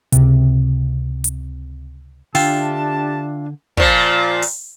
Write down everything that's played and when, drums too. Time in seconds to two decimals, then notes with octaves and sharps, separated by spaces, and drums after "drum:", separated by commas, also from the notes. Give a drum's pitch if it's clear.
0.12 C#2 C3, drum: hi-hat
1.24 drum: hi-hat
2.35 D3 D4 F4 G4 E5 G5 A5, drum: open hi-hat
3.77 A#2 F3, drum: kick
4.42 drum: open hi-hat